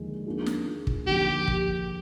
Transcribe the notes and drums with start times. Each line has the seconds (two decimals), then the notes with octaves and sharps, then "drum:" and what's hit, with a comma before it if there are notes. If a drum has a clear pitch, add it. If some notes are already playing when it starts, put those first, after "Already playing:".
Already playing: D#2 D3 F3 G#3
0.26 D#3 A#3 D4 F4 G#4
0.46 drum: snare
0.87 drum: kick
1.07 D#2 D3 F3 G4
1.48 drum: kick